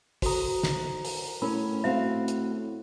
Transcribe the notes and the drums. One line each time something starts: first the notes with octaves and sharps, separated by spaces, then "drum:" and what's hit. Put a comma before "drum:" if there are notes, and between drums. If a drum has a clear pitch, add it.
F#4 A4 C5 A#5, drum: kick, open hi-hat
drum: snare
drum: open hi-hat
A2 C#4 A#4 B5
C4 F#4 E5 F5
drum: hi-hat